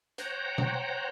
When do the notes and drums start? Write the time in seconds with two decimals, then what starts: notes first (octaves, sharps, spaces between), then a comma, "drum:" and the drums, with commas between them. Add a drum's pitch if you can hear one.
0.18 C5 C#5 F#5 G5 A#5, drum: hi-hat
0.58 drum: tom B2